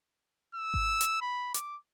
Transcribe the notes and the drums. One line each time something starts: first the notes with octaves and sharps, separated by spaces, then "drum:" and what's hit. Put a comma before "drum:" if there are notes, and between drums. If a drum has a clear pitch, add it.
E6
drum: kick G#1
drum: hi-hat
B5
D6, drum: hi-hat